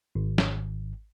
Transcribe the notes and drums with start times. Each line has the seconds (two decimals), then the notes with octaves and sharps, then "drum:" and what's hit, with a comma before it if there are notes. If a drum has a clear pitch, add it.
0.15 G#1
0.38 drum: snare